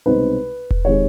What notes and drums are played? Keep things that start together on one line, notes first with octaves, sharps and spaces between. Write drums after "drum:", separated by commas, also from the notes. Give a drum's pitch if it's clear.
C2 B2 G#3 C4 D#4 B4
drum: kick E1
C3 D#3 G#3 C#5